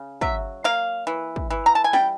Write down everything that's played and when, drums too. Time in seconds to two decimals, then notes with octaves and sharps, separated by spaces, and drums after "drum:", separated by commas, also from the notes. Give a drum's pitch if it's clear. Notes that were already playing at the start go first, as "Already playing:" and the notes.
Already playing: C#3
0.21 F#3 E5, drum: kick
0.64 A#3 F5
1.07 E3
1.36 drum: kick
1.50 E3
1.66 A#5
1.75 A5
1.84 G#5
1.93 G3 G5, drum: snare